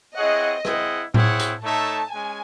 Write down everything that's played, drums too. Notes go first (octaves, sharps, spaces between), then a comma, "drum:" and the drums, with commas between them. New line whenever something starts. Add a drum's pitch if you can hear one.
C4 E4 G#4 C#5 D#5 F#5
C4 E4 G#4 D#5 F#5, drum: rim click
C4 E4 G#4 C#5 F#5, drum: tom A2
drum: hi-hat
A3 D#4 A4 C#5 E5 A5
G#3 C#4 G#5